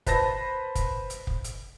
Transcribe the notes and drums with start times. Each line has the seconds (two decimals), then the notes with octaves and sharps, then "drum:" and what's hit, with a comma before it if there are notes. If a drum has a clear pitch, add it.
0.06 B4 C5 A5 B5 A#6, drum: kick, hi-hat
0.75 drum: kick, hi-hat
1.10 drum: hi-hat
1.27 drum: kick
1.44 drum: hi-hat